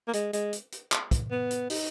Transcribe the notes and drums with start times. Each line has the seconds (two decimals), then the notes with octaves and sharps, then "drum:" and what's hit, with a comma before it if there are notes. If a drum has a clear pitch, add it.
0.07 A#3
0.13 G#3, drum: hi-hat
0.33 G#3, drum: hi-hat
0.53 drum: hi-hat
0.72 drum: hi-hat
0.92 drum: clap
1.11 drum: kick, hi-hat
1.31 B3
1.51 drum: hi-hat
1.70 D#4, drum: open hi-hat